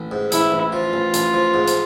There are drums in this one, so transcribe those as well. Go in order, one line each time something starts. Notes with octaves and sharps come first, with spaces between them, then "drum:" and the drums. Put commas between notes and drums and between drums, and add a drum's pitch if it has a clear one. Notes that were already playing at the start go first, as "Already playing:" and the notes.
Already playing: A1
G#2
A1 E4, drum: hi-hat
A1
F3 F4
A1
A1, drum: hi-hat
F3
G#2
drum: hi-hat